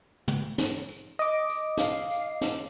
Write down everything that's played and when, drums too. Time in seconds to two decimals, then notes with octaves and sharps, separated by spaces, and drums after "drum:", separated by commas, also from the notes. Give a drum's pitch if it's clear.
0.28 drum: tom
0.58 drum: snare
0.89 drum: tambourine
1.19 D#5 D6, drum: tambourine
1.50 drum: tambourine
1.77 F5, drum: snare
2.11 drum: tambourine
2.41 drum: snare